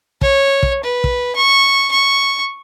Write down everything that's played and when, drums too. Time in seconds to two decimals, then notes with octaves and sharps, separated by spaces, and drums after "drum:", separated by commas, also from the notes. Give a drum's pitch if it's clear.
0.21 C#5, drum: kick
0.63 drum: kick
0.84 B4
1.04 drum: kick
1.36 C#6
1.92 C#6